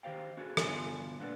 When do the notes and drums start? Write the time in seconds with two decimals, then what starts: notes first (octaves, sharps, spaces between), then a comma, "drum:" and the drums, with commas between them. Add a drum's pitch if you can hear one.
0.03 D#3 G4 C5 F5 G5
0.37 C#4 F#4 G#4 A4
0.57 G2 B2 D3 F4 G#5 C6, drum: rim click
1.18 D#2 A#2 A3 D4 B4 F#5